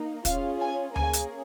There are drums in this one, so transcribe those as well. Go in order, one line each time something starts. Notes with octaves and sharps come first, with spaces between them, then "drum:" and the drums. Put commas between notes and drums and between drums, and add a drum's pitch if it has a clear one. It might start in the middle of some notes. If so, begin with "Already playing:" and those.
Already playing: A#3 D#4
C#4 F4 G#4 F5, drum: kick, hi-hat
G#5
A#3 C#4 G#4 G#5, drum: tom D2
drum: hi-hat